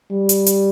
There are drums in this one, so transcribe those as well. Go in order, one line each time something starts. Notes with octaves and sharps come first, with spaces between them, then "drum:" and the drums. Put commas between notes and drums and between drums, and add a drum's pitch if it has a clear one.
G3
drum: hi-hat
drum: hi-hat